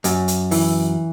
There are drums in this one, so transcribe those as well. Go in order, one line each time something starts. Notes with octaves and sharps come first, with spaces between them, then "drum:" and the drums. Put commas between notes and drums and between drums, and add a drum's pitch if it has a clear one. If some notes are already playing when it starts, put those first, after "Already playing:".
F#2, drum: hi-hat
drum: hi-hat
E3, drum: open hi-hat